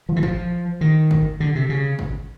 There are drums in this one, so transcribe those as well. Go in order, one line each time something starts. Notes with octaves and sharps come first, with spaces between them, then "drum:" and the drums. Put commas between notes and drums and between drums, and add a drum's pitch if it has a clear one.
F3
E3
F3, drum: kick G1
D#3
drum: kick G1
D3
C3
C#3
drum: kick G1